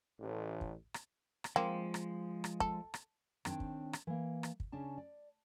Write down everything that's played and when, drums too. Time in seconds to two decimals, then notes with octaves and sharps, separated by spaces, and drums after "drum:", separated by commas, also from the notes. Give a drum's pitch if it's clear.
0.20 A1
0.61 drum: kick
0.94 drum: rim click
1.44 drum: rim click
1.56 F3 G#3 A#3 C4
1.94 drum: rim click
2.44 drum: rim click
2.60 A4, drum: kick
2.94 drum: rim click
3.45 D#3 C4 D4 C#5 G5, drum: rim click
3.60 drum: kick
3.93 drum: rim click
4.07 E3 A#3
4.43 drum: rim click
4.60 drum: kick
4.72 C#3 C#4 D4 A5
4.98 D5